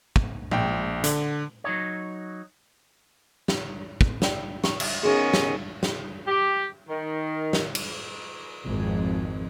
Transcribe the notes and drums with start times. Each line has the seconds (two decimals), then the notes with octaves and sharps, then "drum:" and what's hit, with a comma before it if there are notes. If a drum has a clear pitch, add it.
0.16 drum: kick
0.51 A#1 G5, drum: tom A#2
1.04 D3, drum: hi-hat
1.64 F#3 D#4 C#5
3.48 drum: snare
4.01 drum: kick
4.22 D5 G5, drum: snare
4.64 C#6, drum: snare
4.80 drum: cymbal
5.03 D#3 B3 C#4 F#4 G#4
5.34 drum: snare
5.83 drum: snare
6.28 G4
6.88 D#3
7.53 drum: snare
7.75 drum: cymbal
8.64 G#1 F2